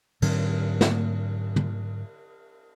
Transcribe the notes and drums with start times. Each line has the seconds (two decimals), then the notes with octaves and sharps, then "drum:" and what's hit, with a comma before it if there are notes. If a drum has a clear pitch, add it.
0.22 G#2 D3 F#3 C4, drum: cymbal
0.81 drum: snare
1.56 drum: tom